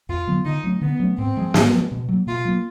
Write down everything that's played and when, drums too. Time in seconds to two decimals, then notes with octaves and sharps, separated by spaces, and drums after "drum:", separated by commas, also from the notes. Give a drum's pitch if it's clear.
0.09 F2 F4
0.27 D3 F#3 B3
0.45 D3 D#4
0.64 F#3 A3 C#4
0.81 D3 B3
1.00 F#3 A3 C#4
1.18 G#2 C4
1.37 F3 G#3
1.54 G#2, drum: snare
1.73 F3 G#3
1.91 B2
2.09 F#3 A#3
2.27 B2 F4
2.45 F#3 A#3